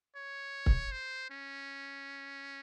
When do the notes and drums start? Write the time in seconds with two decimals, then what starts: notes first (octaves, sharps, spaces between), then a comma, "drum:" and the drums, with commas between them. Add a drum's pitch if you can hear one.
0.16 C#5
0.66 drum: kick C#1
0.92 C5
1.30 C#4